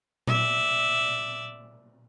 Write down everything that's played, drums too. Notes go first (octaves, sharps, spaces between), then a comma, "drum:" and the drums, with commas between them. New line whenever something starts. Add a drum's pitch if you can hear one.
D5 E5, drum: tom A#2